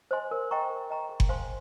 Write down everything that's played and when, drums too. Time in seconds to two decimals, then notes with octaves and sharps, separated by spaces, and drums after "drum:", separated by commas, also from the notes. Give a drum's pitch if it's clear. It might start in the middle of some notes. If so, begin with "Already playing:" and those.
0.11 C5 D#5 G#5 C6
0.31 A#4
0.51 D#5 G5 A#5 C#6
0.70 A#4
0.90 D#5 G5 A#5 C#6
1.09 G#4
1.20 drum: kick F#1
1.29 C5 F5 G#5 C6